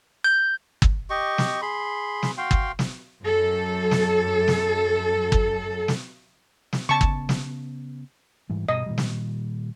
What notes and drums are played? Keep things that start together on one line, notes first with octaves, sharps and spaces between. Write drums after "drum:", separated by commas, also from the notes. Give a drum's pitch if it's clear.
G6
drum: kick G1
G4 D#5 C#6
drum: snare
G#4 B5 C6
drum: snare
F#4 F5 G5 C6
drum: kick G1
drum: snare
F#2 A4
drum: snare
drum: snare
drum: kick G1
drum: snare
drum: snare
C#3 B3 A5 C#6
drum: kick G1
drum: snare
G#2 E3 G3
G2 B2 D#5
A#2 D#3 G3
drum: snare